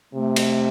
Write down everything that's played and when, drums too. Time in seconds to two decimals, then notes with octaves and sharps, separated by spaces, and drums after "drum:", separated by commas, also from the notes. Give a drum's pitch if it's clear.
0.14 C3 A3
0.36 drum: cymbal